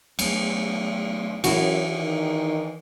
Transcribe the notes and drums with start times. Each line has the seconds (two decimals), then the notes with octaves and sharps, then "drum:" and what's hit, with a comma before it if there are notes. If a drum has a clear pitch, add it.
0.19 F#3 A3 B3, drum: cymbal
1.44 F#2 E3 E4 F#4, drum: cymbal
1.95 D#3